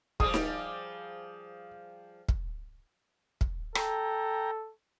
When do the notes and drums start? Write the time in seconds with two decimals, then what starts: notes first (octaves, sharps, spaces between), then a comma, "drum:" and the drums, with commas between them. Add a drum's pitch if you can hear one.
0.20 F3 G3 G#4 D#6, drum: kick
0.34 drum: snare D#4
2.29 drum: kick
3.41 drum: kick
3.75 A4 G5 A#5, drum: rim click